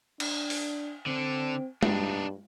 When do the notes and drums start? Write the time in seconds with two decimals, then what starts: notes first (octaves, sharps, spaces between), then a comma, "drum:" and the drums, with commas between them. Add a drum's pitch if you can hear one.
0.20 D4, drum: cymbal
0.50 drum: open hi-hat
1.06 D3 C4 D4
1.83 G2 D4 D#4, drum: tom G#3